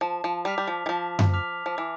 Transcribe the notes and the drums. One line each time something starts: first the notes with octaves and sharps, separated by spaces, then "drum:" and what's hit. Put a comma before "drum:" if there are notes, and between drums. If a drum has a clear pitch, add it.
F3 A5
F3
G3 D6 F6 B6 F7
G3
F3
E3
F3 A5
drum: tom F#2
D6 F6 B6 F7
F3
E3 D6